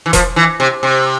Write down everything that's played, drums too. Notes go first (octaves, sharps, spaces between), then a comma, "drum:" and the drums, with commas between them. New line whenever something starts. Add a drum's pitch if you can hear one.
E3
F3, drum: kick E1, hi-hat
E3
C3
C3